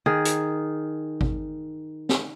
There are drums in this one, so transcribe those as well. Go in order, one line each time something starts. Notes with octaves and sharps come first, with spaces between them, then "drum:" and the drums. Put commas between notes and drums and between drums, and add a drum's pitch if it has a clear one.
D#3 G#4
drum: hi-hat
drum: kick G#1
drum: snare